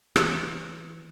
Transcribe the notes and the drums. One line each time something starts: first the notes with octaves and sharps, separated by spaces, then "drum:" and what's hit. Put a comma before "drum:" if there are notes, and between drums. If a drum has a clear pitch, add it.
E3, drum: rim click